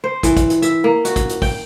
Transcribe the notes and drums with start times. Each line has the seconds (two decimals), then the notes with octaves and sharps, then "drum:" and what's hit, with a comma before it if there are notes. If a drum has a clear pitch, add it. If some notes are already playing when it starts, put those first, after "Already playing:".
0.04 C5
0.23 E3, drum: kick, hi-hat
0.37 drum: kick, hi-hat
0.50 drum: hi-hat
0.62 E5, drum: hi-hat
0.84 A#3
1.05 F#4, drum: hi-hat
1.16 drum: kick, hi-hat
1.29 drum: hi-hat
1.42 G5, drum: kick, open hi-hat